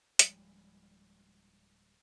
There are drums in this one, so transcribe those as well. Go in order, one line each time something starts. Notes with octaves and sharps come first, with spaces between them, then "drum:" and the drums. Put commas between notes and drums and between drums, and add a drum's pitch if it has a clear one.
D1 F3 G3 G#3, drum: hi-hat